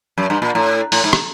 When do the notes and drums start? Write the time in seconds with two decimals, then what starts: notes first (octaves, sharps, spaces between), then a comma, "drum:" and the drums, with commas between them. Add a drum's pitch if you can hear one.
0.18 F#2
0.30 G2
0.42 A#2
0.55 A2
0.92 A2, drum: open hi-hat
1.04 G#2
1.13 drum: rim click